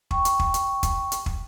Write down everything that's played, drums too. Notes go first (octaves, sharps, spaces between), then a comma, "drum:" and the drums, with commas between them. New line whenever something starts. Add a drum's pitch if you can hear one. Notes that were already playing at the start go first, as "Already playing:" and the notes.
G5 C#6, drum: kick
drum: hi-hat
drum: kick
drum: hi-hat
drum: kick, hi-hat
drum: hi-hat
drum: kick